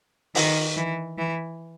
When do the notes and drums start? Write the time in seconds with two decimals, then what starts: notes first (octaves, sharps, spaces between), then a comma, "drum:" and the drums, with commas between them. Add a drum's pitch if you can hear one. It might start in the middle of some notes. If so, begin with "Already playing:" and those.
0.35 D#3, drum: open hi-hat
0.77 E3
1.18 E3